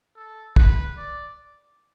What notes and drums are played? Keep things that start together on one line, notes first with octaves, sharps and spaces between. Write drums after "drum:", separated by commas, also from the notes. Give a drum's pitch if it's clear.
A4
B4, drum: kick
D5